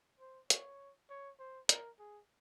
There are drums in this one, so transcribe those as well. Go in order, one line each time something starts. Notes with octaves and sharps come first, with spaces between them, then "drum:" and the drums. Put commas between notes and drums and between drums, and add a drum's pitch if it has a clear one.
C5
C#5, drum: hi-hat
C#5
C5
A#4, drum: hi-hat
G#4